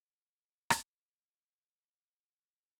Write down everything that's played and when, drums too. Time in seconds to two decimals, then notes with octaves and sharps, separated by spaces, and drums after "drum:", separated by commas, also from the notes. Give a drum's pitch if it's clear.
0.15 C#4 E4 F4
0.70 drum: rim click
0.96 C5 F#5
1.88 F#4